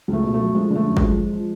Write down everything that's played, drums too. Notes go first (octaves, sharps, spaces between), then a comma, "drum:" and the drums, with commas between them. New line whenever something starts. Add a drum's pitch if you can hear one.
C#2 A3
B2
A3
F#3
F3 G#3
D3
A3
F#2
F3 G#3, drum: kick
F3
F3